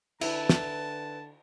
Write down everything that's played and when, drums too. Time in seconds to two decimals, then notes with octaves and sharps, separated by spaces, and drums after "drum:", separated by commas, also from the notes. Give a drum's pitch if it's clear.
0.21 D3 E4 B4 A5, drum: cymbal
0.49 drum: snare